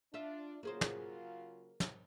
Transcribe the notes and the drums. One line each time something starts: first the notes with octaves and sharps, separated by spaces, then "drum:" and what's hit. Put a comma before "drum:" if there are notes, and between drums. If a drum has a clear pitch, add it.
D4 F4 E5
C#3 F#3 A#3 F4 G#4 C5
drum: snare
drum: snare